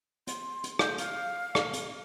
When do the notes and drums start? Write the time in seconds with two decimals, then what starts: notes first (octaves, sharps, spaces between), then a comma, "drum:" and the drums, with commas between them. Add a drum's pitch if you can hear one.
0.27 C6, drum: hi-hat
0.64 drum: hi-hat
0.79 G6, drum: rim click
0.98 F5, drum: hi-hat
1.55 drum: rim click
1.73 drum: hi-hat